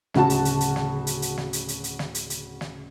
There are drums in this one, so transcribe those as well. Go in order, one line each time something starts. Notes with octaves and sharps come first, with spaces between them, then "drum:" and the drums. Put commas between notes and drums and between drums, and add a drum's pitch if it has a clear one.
D1 C#3 F#4 A5, drum: snare
drum: hi-hat
drum: hi-hat
drum: hi-hat
drum: snare
drum: hi-hat
drum: hi-hat
drum: snare
drum: hi-hat
drum: hi-hat
drum: hi-hat
drum: snare
drum: hi-hat
drum: hi-hat
drum: snare